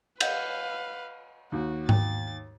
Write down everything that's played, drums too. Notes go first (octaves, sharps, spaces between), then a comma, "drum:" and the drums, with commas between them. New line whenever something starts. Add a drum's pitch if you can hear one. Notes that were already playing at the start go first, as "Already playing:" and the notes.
B4 D#5 F5 F#5 G6, drum: cymbal
D#2 F#4
G5 A6, drum: tom G#2